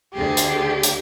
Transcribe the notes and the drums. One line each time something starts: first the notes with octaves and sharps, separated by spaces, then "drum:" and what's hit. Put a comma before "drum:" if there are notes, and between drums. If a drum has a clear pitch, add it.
D2 D3 G4 G#4
drum: hi-hat
drum: hi-hat